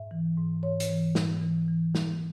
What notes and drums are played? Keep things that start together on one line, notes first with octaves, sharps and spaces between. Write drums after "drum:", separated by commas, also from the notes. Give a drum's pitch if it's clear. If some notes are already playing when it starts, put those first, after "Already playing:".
Already playing: G#2 E5
E3
G#2
G#2 C#5
drum: hi-hat
E3
G#2, drum: snare
E3
E3
E3, drum: snare